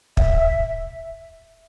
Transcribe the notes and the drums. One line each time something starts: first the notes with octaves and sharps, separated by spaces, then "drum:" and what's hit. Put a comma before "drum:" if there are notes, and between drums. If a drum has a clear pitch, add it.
E5, drum: kick